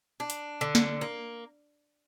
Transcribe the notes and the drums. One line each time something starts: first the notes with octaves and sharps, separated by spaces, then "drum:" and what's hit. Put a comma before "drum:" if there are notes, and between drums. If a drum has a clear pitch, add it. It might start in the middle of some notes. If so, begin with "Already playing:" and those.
D4
drum: hi-hat
D3
drum: snare
A#3